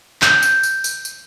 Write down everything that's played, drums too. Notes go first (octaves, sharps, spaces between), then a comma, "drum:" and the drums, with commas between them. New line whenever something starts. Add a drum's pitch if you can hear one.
G6, drum: clap
drum: tambourine
drum: tambourine
drum: tambourine
drum: tambourine